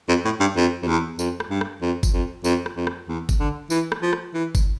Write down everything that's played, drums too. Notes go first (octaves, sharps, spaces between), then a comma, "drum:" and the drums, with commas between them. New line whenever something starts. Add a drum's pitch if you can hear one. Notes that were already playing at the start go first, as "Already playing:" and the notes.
F2
A2
G2
F2
F2
E2
F2, drum: tambourine
drum: rim click
G2
drum: rim click
F2
drum: kick G1, tambourine
F2
F2, drum: tambourine
drum: rim click
F2
drum: rim click
E2
drum: kick G1, tambourine
D3
E3, drum: tambourine
drum: rim click
F3
drum: rim click
E3
drum: kick G1, tambourine